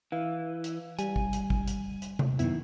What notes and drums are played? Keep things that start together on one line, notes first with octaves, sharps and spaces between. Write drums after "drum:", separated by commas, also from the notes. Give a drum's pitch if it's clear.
E3 F5
drum: hi-hat
G3 G#5, drum: hi-hat
drum: kick
drum: hi-hat
drum: kick
drum: hi-hat
drum: hi-hat
drum: tom C3
F#2 D#3 B3 E4, drum: hi-hat